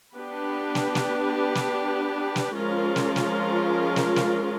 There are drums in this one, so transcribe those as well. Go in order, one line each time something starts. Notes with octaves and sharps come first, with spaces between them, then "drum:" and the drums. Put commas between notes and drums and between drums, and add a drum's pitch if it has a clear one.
B3 D4 G4 B4
drum: snare
drum: snare
drum: snare
drum: snare
F3 G#3 C#4 F4 A#4
drum: snare
drum: snare
drum: snare
drum: snare